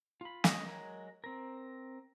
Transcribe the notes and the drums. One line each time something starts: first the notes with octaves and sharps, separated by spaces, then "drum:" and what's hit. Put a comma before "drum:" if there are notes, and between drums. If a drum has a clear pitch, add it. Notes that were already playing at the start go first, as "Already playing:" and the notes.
F4 B5
A3 C#4 G#4 D#5, drum: snare
F#3 G#3 A#4
C4 A#4